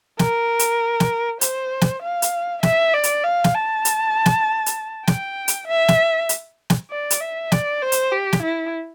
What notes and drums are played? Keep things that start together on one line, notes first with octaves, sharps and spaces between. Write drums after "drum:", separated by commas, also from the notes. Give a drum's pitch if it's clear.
A#4, drum: snare
drum: hi-hat
drum: snare
C5, drum: hi-hat
drum: snare
F5
drum: hi-hat
E5, drum: snare
D5
drum: hi-hat
F5
drum: snare
A5
drum: hi-hat
drum: snare
drum: hi-hat
G5, drum: snare
drum: hi-hat
E5
drum: snare
drum: hi-hat
drum: snare
D5
drum: hi-hat
E5
D5, drum: snare
C5
drum: hi-hat
G4
drum: snare
E4